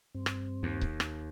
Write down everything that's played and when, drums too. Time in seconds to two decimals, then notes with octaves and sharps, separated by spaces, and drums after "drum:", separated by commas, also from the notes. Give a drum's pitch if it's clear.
0.15 G2 C4
0.26 drum: rim click
0.63 D#2
0.81 drum: kick C#1
1.00 drum: rim click